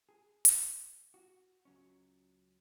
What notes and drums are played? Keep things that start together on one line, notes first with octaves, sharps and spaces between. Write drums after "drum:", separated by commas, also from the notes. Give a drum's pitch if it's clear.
G#4
drum: hi-hat
F#4
C#2 F#3 C#4